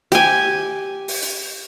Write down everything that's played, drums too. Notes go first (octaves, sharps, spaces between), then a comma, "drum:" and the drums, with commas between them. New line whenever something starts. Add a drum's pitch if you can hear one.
G4 G#5, drum: hi-hat
drum: open hi-hat
drum: hi-hat